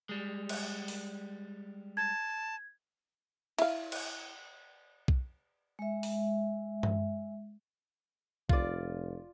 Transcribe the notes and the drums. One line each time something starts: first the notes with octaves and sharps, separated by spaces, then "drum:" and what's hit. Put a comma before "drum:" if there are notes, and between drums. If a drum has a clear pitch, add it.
G3 G#3
drum: cymbal
drum: open hi-hat
A5 G#6
E4 F5, drum: cymbal
drum: cymbal
drum: kick B1
G#3 E5
drum: open hi-hat
drum: tom G2
F1 F4 D5, drum: kick B1